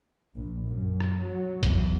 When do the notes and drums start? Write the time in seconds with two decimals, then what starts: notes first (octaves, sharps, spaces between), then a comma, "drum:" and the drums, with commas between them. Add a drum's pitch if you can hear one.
0.36 A#1
0.68 F#2
1.00 drum: rim click
1.24 F#3
1.63 E2, drum: kick A1, hi-hat